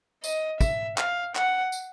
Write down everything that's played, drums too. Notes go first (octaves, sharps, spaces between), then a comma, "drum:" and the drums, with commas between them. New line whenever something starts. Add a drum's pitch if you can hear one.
D#5, drum: tambourine
E5, drum: kick, tambourine
F5, drum: clap
F#5, drum: clap
drum: tambourine